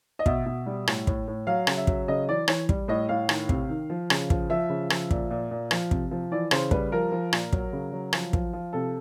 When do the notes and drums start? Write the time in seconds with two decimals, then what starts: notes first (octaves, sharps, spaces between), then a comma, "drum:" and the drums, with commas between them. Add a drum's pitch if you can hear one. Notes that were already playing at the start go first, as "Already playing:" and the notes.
0.19 D#5
0.26 B2 E5, drum: kick
0.46 B2
0.66 G3
0.87 A2, drum: rim click
1.07 A2, drum: kick
1.27 A2
1.47 F#3 F5
1.67 C#3, drum: rim click
1.77 E5
1.87 F#3, drum: kick
2.08 C#3 D#5
2.28 E3 D5
2.48 E3 C#5, drum: rim click
2.69 G3, drum: kick
2.88 A2 D#5
3.09 A2 F5
3.29 D#3, drum: rim click
3.49 C3, drum: kick
3.69 D#3
3.90 F3
4.10 C#3, drum: rim click
4.30 F3, drum: kick
4.50 F3 E5
4.69 C#3
4.90 F3, drum: rim click
5.11 A#2, drum: kick
5.31 A#2
5.51 A#2
5.71 F3, drum: rim click
5.91 C3, drum: kick
6.11 F3
6.31 E3 D5
6.51 C#3 C5, drum: rim click
6.71 G3 B4, drum: kick
6.92 F3 A#4
7.12 F3
7.33 A#2, drum: rim click
7.53 F#3, drum: kick
7.73 C#3
7.93 F#3
8.13 F3, drum: rim click
8.33 F3, drum: kick
8.53 F3
8.73 C3 A4